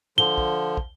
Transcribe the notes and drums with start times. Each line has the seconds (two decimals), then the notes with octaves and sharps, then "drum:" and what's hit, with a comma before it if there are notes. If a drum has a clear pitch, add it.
0.18 D3 F3 G7
0.38 drum: kick
0.77 drum: kick